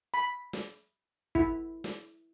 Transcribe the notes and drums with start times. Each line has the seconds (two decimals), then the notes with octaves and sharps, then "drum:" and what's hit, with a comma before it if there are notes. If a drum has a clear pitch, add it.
0.14 B5
0.53 drum: snare
1.35 E4, drum: kick
1.84 drum: snare